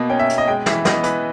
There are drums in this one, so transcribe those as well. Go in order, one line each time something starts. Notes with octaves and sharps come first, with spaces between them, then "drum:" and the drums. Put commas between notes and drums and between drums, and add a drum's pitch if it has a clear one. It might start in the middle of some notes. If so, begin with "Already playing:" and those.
Already playing: B2 A#3 D#5
C#4 G5
E5
B2, drum: hi-hat
D#5
G#3 G5
E3 E5, drum: snare
B3 D#5, drum: snare
E3 B4, drum: hi-hat